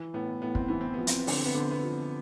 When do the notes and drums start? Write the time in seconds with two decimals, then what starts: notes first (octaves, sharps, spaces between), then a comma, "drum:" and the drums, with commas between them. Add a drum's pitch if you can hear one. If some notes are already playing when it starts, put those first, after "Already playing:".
Already playing: E3
0.14 A2 B3
0.42 A2 B3
0.55 C4, drum: kick
0.68 E3 B3
0.81 C4
0.93 F3 B3
1.07 C4, drum: hi-hat
1.19 B3
1.27 D3, drum: open hi-hat
1.33 C4
1.46 B3
1.54 D3 C4
1.71 B3
1.83 F3